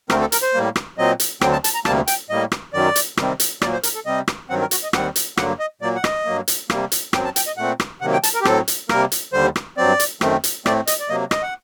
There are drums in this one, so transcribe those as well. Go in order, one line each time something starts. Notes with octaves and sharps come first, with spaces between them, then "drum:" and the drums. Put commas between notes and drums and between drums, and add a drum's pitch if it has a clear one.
D2 D3 A3 C4 A#4, drum: rim click
A4
A#4, drum: hi-hat
C5
A2 G3 A#3
drum: rim click
A#2 F#3 C4 D#5
drum: hi-hat
D2 D3 F#3 C4 G5, drum: rim click
A5
A5, drum: hi-hat
A#5
D2 C3 G3 A#3 A5, drum: rim click
G5, drum: hi-hat
A2 G3 A#3 D#5
drum: rim click
F#2 D#3 F#3 D5
drum: hi-hat
C3 D#3 G3 C4, drum: rim click
drum: hi-hat
A#2 F#3 A#3 D5, drum: rim click
C5
A#4, drum: hi-hat
A4
C3 G3 C4 D#5
drum: rim click
G2 D#3 F#3 C4 F#5
A#4
F#4, drum: hi-hat
D#5
D#2 D#3 G3 C4 F#5, drum: rim click
drum: hi-hat
G2 D3 F#3 A#3 F#5, drum: rim click
D#5
A#2 F#3 A#3 D5
F#5
D#5, drum: rim click
G2 F#3 A#3
drum: hi-hat
C3 G3 A#3, drum: rim click
drum: hi-hat
F#2 F#3 C4 G5, drum: rim click
A5
G5, drum: hi-hat
D#5
A#2 A3 C4 F#5
drum: rim click
C3 D#3 F#3 A#3 F#5
G5
A5, drum: hi-hat
A#4
G4
A2 F#3 C4 A4, drum: rim click
drum: hi-hat
C3 G3 A#3 A#4, drum: rim click
drum: hi-hat
D#2 D3 G3 C5
drum: rim click
G2 F#3 C4 D5
drum: hi-hat
F#2 D#3 A3 C4, drum: rim click
drum: hi-hat
A2 A3 C4 D5, drum: rim click
D#5, drum: hi-hat
D5
C3 F#3 A#3 D#5
D#5, drum: rim click
F#5